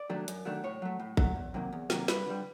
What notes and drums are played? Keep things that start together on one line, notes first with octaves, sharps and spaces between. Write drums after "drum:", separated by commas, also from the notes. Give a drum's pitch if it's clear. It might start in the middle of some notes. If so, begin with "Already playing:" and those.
Already playing: D5
D#3 F#3 A3 D4
F#2, drum: hi-hat
D#3 F#3 A3 D4
A2 C#5
F#3 A3
A2
F#3 A3, drum: kick A1
E2
C3 D#3 F#3 A#3
E2
C3 D#3 F#3 A#3, drum: snare
G2 B4, drum: snare
D3 G3